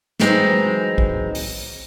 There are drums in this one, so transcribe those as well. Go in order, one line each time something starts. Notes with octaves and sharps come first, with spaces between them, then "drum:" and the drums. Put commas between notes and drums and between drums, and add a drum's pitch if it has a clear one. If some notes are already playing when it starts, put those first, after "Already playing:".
E3 F#3 G#3 C4 D#4, drum: snare
drum: kick
drum: open hi-hat